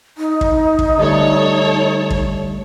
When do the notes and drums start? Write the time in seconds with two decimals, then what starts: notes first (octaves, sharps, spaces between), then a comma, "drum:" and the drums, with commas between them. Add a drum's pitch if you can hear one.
0.18 D#4
0.41 drum: kick
0.79 drum: kick
0.97 D3 G3 A3 A4 C#5
2.10 drum: kick